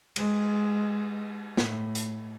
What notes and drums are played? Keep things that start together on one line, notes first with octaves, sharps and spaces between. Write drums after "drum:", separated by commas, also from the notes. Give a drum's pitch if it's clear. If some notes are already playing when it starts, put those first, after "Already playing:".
G#3, drum: cymbal
A2, drum: snare
drum: hi-hat